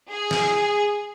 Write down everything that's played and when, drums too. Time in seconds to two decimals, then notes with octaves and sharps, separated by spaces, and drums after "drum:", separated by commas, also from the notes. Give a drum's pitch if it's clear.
0.11 G#4
0.31 drum: snare